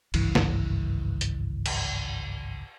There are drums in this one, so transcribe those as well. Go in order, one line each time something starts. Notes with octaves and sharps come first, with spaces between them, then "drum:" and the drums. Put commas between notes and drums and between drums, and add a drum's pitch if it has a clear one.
G#1 C#2 G2 E3, drum: cymbal
drum: snare
drum: hi-hat
drum: cymbal